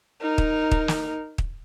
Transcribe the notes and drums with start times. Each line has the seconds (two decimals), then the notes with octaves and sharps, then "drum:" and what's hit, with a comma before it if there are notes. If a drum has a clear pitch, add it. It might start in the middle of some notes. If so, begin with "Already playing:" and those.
0.21 D#4 A#4
0.38 drum: kick
0.71 drum: kick
0.88 drum: snare
1.38 drum: kick